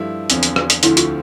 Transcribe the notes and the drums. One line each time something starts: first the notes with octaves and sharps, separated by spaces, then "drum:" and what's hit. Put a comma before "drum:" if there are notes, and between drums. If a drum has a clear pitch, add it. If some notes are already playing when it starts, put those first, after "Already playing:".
Already playing: G2 F3 A3 E4
E2 D3 F3 C4, drum: hi-hat
drum: hi-hat
drum: rim click
drum: hi-hat
D2 D3 F3 A3 C4 E4, drum: hi-hat
F4, drum: hi-hat